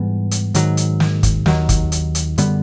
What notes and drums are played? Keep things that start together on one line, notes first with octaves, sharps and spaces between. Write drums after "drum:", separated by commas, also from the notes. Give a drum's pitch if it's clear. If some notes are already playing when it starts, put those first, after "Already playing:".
Already playing: G#2 E3 G3 B3
drum: hi-hat
G#2 D#3 F#3, drum: hi-hat
drum: hi-hat
drum: snare
drum: kick, hi-hat
D#2 D#3 F#3, drum: snare
drum: kick, hi-hat
drum: hi-hat
drum: hi-hat
F#2 D3 G3 B3, drum: hi-hat